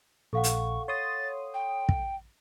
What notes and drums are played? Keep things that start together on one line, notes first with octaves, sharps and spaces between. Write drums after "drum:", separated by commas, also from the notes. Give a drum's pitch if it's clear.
A#1 A4 F5 F#5 C#6
drum: hi-hat
C#5 C6 D#6 A6
G5
drum: kick